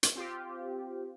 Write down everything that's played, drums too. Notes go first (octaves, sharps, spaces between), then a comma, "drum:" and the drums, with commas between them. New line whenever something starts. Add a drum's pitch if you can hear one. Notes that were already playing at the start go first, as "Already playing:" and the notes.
drum: hi-hat
C4 F4 G4